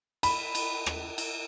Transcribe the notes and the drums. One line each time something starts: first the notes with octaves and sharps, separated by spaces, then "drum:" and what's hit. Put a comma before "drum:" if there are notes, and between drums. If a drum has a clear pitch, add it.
B5, drum: cymbal
drum: cymbal
drum: rim click
drum: cymbal